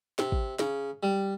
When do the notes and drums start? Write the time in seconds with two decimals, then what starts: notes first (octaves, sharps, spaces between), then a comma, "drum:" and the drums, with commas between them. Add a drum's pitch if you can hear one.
0.19 C3, drum: snare
0.32 drum: kick
0.59 C#3, drum: snare
1.03 G3